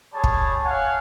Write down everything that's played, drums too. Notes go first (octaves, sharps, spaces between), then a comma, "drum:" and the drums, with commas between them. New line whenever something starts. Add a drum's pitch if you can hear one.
G3 G#4 C#5 A5
drum: kick
C#5 F5 F#5 G#5